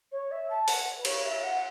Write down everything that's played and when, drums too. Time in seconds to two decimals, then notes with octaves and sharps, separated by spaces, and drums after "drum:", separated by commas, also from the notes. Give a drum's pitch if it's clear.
0.11 C#5
0.31 E5
0.50 A5
0.68 F#5, drum: open hi-hat
0.98 B4
1.05 C#5, drum: cymbal
1.24 E5
1.43 F#5